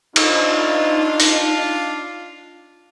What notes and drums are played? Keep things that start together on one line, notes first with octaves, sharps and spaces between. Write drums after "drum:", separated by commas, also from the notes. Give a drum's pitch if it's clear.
D4 D#4 F4, drum: cymbal
drum: open hi-hat